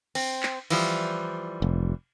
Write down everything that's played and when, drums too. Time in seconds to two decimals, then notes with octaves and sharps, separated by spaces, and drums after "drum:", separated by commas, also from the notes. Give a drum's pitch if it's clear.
0.15 C4, drum: cymbal
0.43 drum: clap
0.70 E3 F3 G3, drum: cymbal
1.62 F1